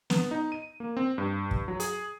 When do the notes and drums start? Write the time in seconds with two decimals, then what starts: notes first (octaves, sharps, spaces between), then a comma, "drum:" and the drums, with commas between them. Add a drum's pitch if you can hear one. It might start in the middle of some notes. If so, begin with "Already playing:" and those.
0.10 B3, drum: snare
0.31 D#4
0.52 D#7
0.80 A#3
0.97 C4
1.18 G2
1.51 drum: kick
1.68 F#3
1.80 G#4, drum: hi-hat